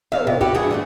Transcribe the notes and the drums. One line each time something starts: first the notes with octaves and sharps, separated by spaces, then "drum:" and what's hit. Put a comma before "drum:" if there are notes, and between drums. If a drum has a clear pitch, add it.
E2 E5 F5, drum: tom
C3, drum: tom
E4 F#4 G4, drum: kick
G2 E3 F#4 G#4
D3 G#3 A3